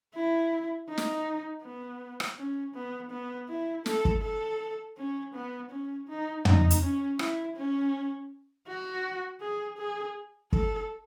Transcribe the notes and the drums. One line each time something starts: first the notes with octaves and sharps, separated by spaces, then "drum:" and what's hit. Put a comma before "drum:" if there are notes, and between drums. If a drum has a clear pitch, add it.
E4
D#4
drum: snare
B3
drum: rim click
C#4
B3
B3
E4
A4, drum: snare
drum: kick
A4
C#4
B3
C#4
D#4
D#4, drum: tom
drum: hi-hat
C#4
E4, drum: rim click
C#4
F#4
G#4
G#4
A4, drum: kick